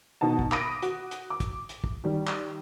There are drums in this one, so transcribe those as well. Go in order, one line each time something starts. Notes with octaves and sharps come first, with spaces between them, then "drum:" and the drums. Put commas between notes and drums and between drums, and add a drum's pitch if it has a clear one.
B2 D#4 F#5 A5
drum: kick
B5 D6 D#6 A#6 D7 D#7, drum: clap
F#4, drum: hi-hat
drum: hi-hat
D6
drum: kick, hi-hat
drum: hi-hat
drum: kick
D#3 G3
drum: clap